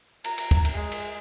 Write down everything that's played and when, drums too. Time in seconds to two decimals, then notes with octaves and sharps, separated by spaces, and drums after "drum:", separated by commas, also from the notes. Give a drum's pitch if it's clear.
0.24 A#5, drum: cymbal
0.38 drum: cymbal
0.51 drum: kick
0.65 drum: cymbal
0.74 G#3
0.92 drum: cymbal